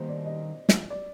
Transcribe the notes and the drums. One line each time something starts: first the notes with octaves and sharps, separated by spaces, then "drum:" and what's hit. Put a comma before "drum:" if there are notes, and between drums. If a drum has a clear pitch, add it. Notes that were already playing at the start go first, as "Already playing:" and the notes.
Already playing: D#2 D#3 G3 A#3 D#4 C5
D5
D#5
drum: snare
D5